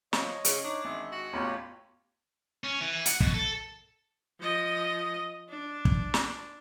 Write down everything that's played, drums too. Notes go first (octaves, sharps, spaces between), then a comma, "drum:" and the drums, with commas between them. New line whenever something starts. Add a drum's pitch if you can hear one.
F3 C#5 D#5, drum: snare
C#3, drum: hi-hat
D4 D#4 C#5
G#1 E5
F#4
A1 E2 F4 G4 C#5 B5
C#4
E3
F#5, drum: hi-hat
B2, drum: kick
A4
F3 D#5
D4
drum: kick
drum: snare